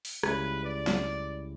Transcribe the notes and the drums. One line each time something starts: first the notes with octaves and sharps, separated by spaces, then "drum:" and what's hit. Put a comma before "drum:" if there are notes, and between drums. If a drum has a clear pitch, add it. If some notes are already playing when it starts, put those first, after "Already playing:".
drum: open hi-hat
C#2 C#3 G3 C#4 E4 B4, drum: rim click
D5
drum: snare